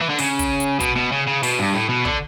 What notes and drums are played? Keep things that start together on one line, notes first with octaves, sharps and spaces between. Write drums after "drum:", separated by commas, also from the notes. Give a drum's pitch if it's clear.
E3
D3
C#3, drum: open hi-hat
drum: kick, hi-hat
drum: hi-hat
B2, drum: kick, hi-hat
B2
C#3
C#3
B2, drum: open hi-hat
G2
A2
B2
D3, drum: kick